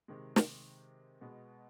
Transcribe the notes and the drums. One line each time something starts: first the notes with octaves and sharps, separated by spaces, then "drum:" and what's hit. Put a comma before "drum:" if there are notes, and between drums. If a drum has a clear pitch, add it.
C3 D#3 G#3
drum: snare
B2 G#3 B3